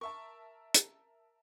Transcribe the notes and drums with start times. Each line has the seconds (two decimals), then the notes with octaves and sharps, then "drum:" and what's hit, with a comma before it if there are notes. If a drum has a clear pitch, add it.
0.01 A#4 E5 A5 C#6
0.74 drum: hi-hat